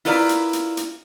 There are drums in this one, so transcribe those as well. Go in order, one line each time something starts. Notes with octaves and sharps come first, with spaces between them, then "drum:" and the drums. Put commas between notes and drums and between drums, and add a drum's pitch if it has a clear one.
E4 F4 A#4 B4 D5, drum: open hi-hat
drum: hi-hat
drum: hi-hat
drum: hi-hat